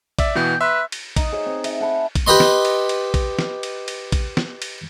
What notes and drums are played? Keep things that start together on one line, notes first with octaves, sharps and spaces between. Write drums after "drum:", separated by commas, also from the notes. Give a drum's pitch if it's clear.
D5 E5, drum: kick, cymbal
B2 E3 B3 G5
B4 E5 C6 E6
drum: cymbal
D#4, drum: kick, cymbal
G#4 C5 C#5 D#5
C4
E5, drum: cymbal
F#5 A5 B5
drum: kick, cymbal
G4 B4 D#5 C6
drum: snare
drum: cymbal
drum: cymbal
drum: kick, cymbal
drum: snare
drum: cymbal
drum: cymbal
drum: kick, cymbal
drum: snare
drum: cymbal